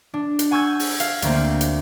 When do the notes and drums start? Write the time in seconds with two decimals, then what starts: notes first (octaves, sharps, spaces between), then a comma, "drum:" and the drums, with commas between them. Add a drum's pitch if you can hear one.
0.14 D4
0.39 drum: hi-hat
0.51 F#5 G#5 C#6 E6 G6 G#6
0.79 drum: open hi-hat
1.00 F5, drum: hi-hat
1.22 D2 A3 A#3 C4, drum: hi-hat
1.61 drum: hi-hat